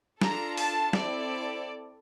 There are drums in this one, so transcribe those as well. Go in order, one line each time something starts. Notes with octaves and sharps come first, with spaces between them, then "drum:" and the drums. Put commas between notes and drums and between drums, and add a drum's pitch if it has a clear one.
D4 F4 A4 A#5, drum: snare
A5, drum: open hi-hat
C4 E4 A4 D5, drum: snare